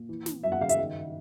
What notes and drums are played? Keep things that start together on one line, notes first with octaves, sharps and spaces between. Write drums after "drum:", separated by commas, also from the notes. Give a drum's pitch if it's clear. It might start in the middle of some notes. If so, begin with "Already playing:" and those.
Already playing: A#2
E3
E3, drum: snare
F#2 E5
F#5
C#3 F5
E5, drum: hi-hat
D#3